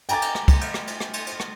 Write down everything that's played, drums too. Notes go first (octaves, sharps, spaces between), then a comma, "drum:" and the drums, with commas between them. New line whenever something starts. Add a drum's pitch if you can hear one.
G5 G#5 A#5 D6 A6, drum: cymbal
drum: cymbal
drum: rim click
drum: kick, cymbal
drum: cymbal
drum: rim click
drum: cymbal
drum: rim click
drum: cymbal
drum: cymbal
drum: rim click